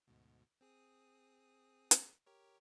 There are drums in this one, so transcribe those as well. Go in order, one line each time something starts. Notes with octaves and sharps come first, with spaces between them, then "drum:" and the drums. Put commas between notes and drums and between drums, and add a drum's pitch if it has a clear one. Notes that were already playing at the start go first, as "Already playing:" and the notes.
D2 G#2 B2
C4 G#4 D#6
drum: hi-hat
G4 A#4 C#5